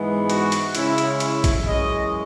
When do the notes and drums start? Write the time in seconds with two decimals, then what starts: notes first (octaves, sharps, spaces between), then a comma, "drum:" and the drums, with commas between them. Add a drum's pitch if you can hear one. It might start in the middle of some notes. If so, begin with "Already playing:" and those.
Already playing: G#2 E3 G#3 B3
0.30 F#4, drum: hi-hat
0.52 drum: hi-hat
0.75 C#3 G#3 C#4 E4, drum: hi-hat
0.98 drum: hi-hat
1.20 E4, drum: hi-hat
1.44 drum: kick, hi-hat
1.66 F#2 E3 G#3 C#4 D#5